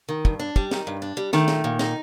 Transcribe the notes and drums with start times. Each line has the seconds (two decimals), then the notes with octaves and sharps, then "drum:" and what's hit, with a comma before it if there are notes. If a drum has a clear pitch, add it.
0.09 D#3
0.25 G2, drum: kick
0.39 D4
0.56 G3, drum: kick
0.71 D#3, drum: snare
0.87 G2
1.02 D4
1.17 G3
1.33 D#3 A3, drum: snare
1.48 A#2, drum: snare
1.64 A#2
1.79 D#4, drum: snare